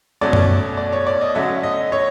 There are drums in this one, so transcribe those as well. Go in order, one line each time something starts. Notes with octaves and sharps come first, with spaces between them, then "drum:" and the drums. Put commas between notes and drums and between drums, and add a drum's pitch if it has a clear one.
B2 F#3 A3 C#4 D5
drum: tom F#2
D5
C#5
D5
D#5
D3 F#3 A3 C#4 E5
D#5
C#5